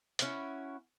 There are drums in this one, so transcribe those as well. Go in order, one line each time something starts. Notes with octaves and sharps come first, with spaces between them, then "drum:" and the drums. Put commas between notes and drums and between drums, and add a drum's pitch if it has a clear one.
C#4 E4 F#4, drum: hi-hat